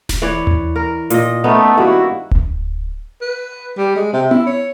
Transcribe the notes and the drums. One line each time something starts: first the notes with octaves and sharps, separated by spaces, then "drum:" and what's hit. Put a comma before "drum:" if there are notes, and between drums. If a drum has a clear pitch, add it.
drum: snare D#1
E3 C#5 D5
drum: tom D#2
A#4
A#2 D#5, drum: hi-hat
A3 B3 C#4 D#4
G2 D#3 A#3 E4 F#4
drum: kick D1
B4
G3
G#3
C3
E4, drum: tom B3
C#5